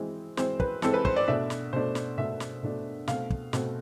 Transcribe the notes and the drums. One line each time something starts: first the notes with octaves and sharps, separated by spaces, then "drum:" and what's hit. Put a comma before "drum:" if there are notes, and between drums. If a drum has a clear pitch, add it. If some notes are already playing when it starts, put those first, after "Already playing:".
Already playing: E3 G#3 C4
E3 G#3 C4 C5, drum: snare
B4, drum: kick
E3 G#3 C4 A4, drum: snare
B4
C5, drum: kick
D5
B2 A3 D4 E5
drum: snare
B2 A3 D4 C5
drum: snare
B2 A3 D4 E5
drum: snare
B2 A3 D4
B2 A3 C4 F5, drum: snare
drum: kick
B2 A3 C4, drum: snare